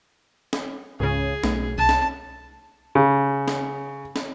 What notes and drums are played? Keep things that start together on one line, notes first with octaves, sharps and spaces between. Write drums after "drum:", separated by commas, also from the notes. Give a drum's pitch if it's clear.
drum: snare
C#2 G#2 C#3 G#4
B1 A3, drum: snare
C2 A5
drum: snare
C#3
drum: snare
drum: snare